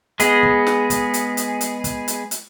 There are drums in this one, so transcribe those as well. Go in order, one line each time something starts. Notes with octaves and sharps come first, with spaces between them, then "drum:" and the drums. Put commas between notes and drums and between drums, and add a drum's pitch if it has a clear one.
G#3 B3 G#4, drum: hi-hat
drum: kick
drum: snare
drum: kick, hi-hat
drum: hi-hat
drum: hi-hat
drum: hi-hat
drum: kick, hi-hat
drum: hi-hat
drum: hi-hat